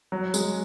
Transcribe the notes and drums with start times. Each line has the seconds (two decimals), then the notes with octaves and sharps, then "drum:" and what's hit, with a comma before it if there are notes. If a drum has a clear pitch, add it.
0.12 F#3
0.34 G#3, drum: tambourine